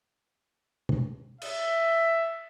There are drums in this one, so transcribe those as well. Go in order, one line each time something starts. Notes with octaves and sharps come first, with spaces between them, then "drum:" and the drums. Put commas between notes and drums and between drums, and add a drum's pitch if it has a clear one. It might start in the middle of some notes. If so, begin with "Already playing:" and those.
drum: tom
E5, drum: cymbal